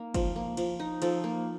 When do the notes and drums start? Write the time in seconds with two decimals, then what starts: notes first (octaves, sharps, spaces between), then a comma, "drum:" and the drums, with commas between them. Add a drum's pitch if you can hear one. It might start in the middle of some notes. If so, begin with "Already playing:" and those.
Already playing: A#3 D#4
0.14 F3, drum: kick, cymbal
0.36 A#3
0.57 F3, drum: cymbal
0.79 D#4
1.02 F3 A4, drum: cymbal
1.24 A#3